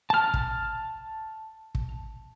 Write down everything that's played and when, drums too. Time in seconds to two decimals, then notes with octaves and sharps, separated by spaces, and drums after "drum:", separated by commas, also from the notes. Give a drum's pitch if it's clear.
0.10 A5 F6
0.34 drum: kick
1.75 drum: kick